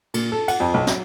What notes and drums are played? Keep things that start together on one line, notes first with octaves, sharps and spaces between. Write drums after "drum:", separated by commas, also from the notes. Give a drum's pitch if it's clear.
A#2, drum: cymbal
A4
F#5, drum: cymbal
F2
B1
F#3, drum: snare